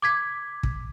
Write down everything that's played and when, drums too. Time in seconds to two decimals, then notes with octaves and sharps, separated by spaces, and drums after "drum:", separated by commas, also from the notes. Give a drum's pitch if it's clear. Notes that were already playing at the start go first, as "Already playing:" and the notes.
0.02 D6 G#6 B6
0.63 drum: kick